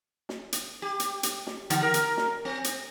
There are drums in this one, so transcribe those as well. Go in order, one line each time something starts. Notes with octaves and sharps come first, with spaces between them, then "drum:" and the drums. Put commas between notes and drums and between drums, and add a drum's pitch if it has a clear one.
drum: snare
drum: hi-hat
G4
drum: hi-hat
drum: hi-hat
drum: snare
D3, drum: hi-hat
A#4
drum: hi-hat
drum: snare
C4
drum: hi-hat